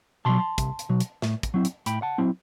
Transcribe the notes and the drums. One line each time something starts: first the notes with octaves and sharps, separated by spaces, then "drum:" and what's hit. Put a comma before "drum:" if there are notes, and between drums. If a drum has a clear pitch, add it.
B2 F#3 A5 C6
C2, drum: kick, hi-hat
drum: hi-hat
B2 F#3
drum: hi-hat
A2, drum: snare
drum: kick, hi-hat
F#3 C4 E4
drum: hi-hat
A2 G5 B5, drum: hi-hat
F#5 A5
F#3 C4 E4